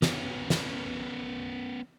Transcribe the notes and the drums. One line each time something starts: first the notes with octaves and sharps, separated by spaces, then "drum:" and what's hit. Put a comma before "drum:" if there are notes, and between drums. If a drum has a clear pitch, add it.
B3 C#4, drum: snare
drum: snare